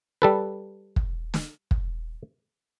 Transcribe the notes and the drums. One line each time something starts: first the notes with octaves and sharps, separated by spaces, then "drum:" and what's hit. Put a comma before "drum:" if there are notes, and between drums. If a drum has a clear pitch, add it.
G3 A4 B4
drum: kick
drum: snare
drum: kick